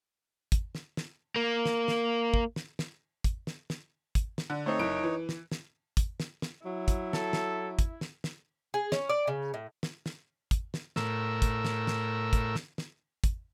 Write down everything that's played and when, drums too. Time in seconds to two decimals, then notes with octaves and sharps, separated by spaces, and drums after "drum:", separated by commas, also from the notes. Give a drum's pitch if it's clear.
0.52 drum: kick, hi-hat
0.75 drum: snare
0.97 drum: snare
1.36 A#3
1.65 drum: snare
1.88 drum: snare
2.34 drum: kick
2.56 drum: snare
2.79 drum: snare
3.24 drum: kick, hi-hat
3.47 drum: snare
3.70 drum: snare
4.15 drum: kick, hi-hat
4.38 drum: snare
4.50 D3
4.66 A3 C4 D#4 C#5
4.79 F#1 E4 D7
5.03 E3
5.29 drum: snare
5.52 drum: snare
5.97 drum: kick, hi-hat
6.20 drum: snare
6.42 drum: snare
6.65 F#3 E4
6.88 drum: kick, hi-hat
7.13 A4, drum: snare
7.33 drum: snare
7.79 drum: kick, hi-hat
8.01 drum: snare
8.24 drum: snare
8.74 G#4
8.92 C#4, drum: snare
9.09 D5
9.27 C#3
9.54 A2
9.83 drum: snare
10.06 drum: snare
10.51 drum: kick, hi-hat
10.74 drum: snare
10.96 A2 A#4 E6, drum: snare
11.42 drum: kick, hi-hat
11.65 drum: snare
11.87 drum: snare
12.33 drum: kick, hi-hat
12.55 drum: snare
12.78 drum: snare
13.24 drum: kick, hi-hat